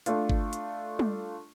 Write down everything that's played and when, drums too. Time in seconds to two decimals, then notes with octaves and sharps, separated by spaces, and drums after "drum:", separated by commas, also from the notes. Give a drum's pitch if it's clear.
0.06 A3 D4 F4, drum: hi-hat
0.29 drum: kick G1
0.53 drum: hi-hat
0.99 drum: tom G3